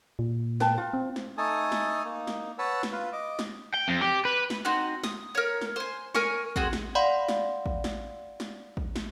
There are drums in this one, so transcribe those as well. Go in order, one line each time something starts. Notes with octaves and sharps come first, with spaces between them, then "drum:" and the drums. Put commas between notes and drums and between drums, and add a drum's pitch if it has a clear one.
A#2
B4 G5 A5, drum: snare
F4
C4
drum: snare
A3 D#4 A4 G#5 A5 D#6
drum: snare
A#3 D#4
drum: snare
B4 C#5 F#5 A5 E6
drum: snare
F4 B4 F5
D#5 D6
drum: snare
G5
F2
G4
B4
drum: snare
C4 D#4 F#4
D#6, drum: snare
A#4 C#5
drum: snare
C5 G#5
A#4 C#5 G#5 C#6, drum: snare
C4 F#4 G#4, drum: kick
drum: snare
D5 F5 F#5 B5 C6
drum: snare
drum: kick
drum: snare
drum: snare
drum: kick
drum: snare